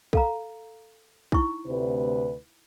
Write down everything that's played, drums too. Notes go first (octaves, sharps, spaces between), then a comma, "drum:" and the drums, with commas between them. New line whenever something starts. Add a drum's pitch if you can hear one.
A4 F5 A#5, drum: kick
D#4 E4 C#6, drum: kick
D2 C3 B4